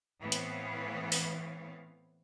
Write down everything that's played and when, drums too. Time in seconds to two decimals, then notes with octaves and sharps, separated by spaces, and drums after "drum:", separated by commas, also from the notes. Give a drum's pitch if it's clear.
0.22 A2 E3 B3 C4 C#5 F5
0.32 drum: hi-hat
1.12 drum: open hi-hat